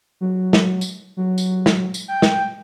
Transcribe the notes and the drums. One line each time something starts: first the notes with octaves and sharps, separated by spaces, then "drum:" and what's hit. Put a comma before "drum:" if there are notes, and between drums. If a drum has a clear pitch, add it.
F#3
drum: snare
drum: tambourine
F#3
drum: tambourine
drum: snare
drum: tambourine
G5
drum: snare